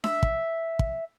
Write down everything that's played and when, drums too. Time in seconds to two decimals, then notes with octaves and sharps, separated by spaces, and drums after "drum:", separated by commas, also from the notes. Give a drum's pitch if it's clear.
0.04 E5, drum: snare D4
0.23 drum: kick
0.79 drum: kick